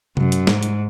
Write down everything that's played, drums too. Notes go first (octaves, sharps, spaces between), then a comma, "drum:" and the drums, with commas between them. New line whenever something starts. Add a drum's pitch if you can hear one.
F#2, drum: tom C3
drum: hi-hat
G#2, drum: snare
drum: hi-hat